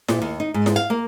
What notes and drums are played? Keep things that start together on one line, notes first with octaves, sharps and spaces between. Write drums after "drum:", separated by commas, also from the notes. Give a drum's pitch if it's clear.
A#2, drum: snare E4
D#2
D#4
G#2
drum: snare E4
F5
A#3